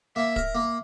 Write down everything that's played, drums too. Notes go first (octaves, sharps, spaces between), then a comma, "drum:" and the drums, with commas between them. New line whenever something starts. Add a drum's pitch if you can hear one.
A#3 E5
A#4, drum: kick
A#3